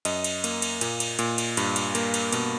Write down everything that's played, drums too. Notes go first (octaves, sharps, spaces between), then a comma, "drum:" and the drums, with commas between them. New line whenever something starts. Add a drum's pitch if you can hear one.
F#2 D#5, drum: cymbal
drum: cymbal
A#3, drum: cymbal
drum: cymbal
A#2, drum: cymbal
drum: cymbal
A#2, drum: cymbal
drum: cymbal
G2, drum: cymbal
drum: cymbal
A#3, drum: cymbal
drum: cymbal
B2, drum: cymbal